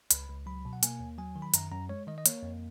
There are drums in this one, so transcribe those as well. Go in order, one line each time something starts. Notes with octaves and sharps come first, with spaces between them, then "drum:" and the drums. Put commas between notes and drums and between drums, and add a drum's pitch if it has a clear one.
C#2 B5, drum: hi-hat
C#2
F#3 B5
B2
F#5
A#3 G#5, drum: hi-hat
D#2
F#3 G#5
D#3
B5
F#2 A#5, drum: hi-hat
F#2 A#5
G#3 C#5
D#3 D#5
D#5
A#3 C#5, drum: hi-hat
F2